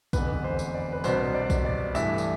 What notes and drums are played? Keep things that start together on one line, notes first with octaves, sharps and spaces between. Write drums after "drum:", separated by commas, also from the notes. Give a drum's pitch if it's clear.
F1 E2 D3 B4, drum: kick, tambourine
C5
drum: tambourine
D5
B4
C2 B2 B3 D4 C5, drum: tambourine
D5
drum: kick, tambourine
D5
G2 E3 A3 E5, drum: tambourine
drum: tambourine